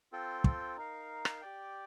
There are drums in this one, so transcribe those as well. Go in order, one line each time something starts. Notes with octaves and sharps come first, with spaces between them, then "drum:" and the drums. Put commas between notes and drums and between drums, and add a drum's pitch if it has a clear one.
C4 F4 A4 C5 G5
drum: kick
D#4 A#4 F5
drum: rim click
G4 D5 G5